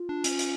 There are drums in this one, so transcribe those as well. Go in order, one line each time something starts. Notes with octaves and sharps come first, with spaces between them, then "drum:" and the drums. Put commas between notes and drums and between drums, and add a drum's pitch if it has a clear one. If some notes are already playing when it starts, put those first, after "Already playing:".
Already playing: F4
D4
C#4, drum: hi-hat
drum: hi-hat